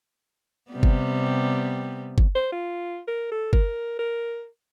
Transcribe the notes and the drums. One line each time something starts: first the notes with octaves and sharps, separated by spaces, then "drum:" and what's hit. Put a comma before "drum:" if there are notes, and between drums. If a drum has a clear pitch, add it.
C3 G3 B3
drum: kick G1
drum: kick G1
C5
F4
A#4
A4
A#4, drum: kick G1
A#4